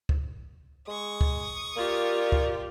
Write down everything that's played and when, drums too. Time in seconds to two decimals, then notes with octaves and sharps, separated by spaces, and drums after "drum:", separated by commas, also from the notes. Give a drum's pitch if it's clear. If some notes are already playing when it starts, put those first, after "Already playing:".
0.09 drum: kick
0.88 G#3 C#6 D#6
1.21 drum: kick
1.76 A#3 F4 G4 D5
2.32 drum: kick